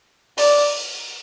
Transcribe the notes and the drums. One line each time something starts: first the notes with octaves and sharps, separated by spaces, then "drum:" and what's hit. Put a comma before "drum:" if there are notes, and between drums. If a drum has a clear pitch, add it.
D5, drum: open hi-hat